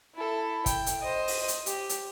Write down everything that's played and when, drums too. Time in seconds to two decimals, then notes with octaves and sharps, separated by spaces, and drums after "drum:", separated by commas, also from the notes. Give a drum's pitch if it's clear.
0.15 E4 A4
0.66 G5, drum: kick, hi-hat
0.86 drum: hi-hat
1.01 C5 D#5
1.28 drum: open hi-hat
1.48 drum: hi-hat
1.66 G4, drum: hi-hat
1.89 drum: hi-hat